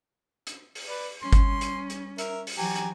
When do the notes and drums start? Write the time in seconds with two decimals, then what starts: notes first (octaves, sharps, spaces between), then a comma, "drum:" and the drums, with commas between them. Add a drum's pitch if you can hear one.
0.47 drum: hi-hat
0.75 drum: open hi-hat
0.87 B4 D5
1.22 G3 C#4 C6
1.33 drum: kick G1, hi-hat
1.61 drum: hi-hat
1.90 drum: hi-hat
2.18 A#4 E5, drum: hi-hat
2.47 drum: open hi-hat
2.58 E3 F#3 G4 G#5 A#5
2.76 drum: hi-hat